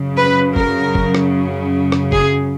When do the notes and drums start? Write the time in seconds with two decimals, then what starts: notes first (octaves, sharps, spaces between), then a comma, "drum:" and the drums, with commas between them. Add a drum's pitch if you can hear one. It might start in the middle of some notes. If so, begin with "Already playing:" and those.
Already playing: F#2 C#3 F#3
0.17 B4
0.56 A#4, drum: kick
0.95 drum: kick
1.15 drum: rim click
1.92 drum: rim click
2.12 G#4, drum: kick